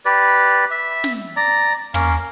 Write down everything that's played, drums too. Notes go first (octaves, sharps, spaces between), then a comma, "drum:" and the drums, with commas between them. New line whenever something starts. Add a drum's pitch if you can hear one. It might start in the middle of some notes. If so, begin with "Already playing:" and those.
G4 B4 D5
E5
drum: snare
D5 A#5
A#3 C#4 A#4, drum: tom